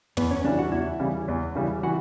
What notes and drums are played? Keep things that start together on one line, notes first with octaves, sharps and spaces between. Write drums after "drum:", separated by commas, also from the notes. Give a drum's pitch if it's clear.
E2 B3, drum: tom
C#4
C#3 E3 G3 D4
F#4
E2 E4
C#3 E3 G3
E2
C#3 E3 G3
E3 F#4